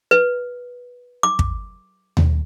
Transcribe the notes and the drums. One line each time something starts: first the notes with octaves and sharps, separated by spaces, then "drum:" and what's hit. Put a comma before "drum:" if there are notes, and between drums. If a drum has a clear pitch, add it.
B4
D6
drum: kick
drum: tom D#2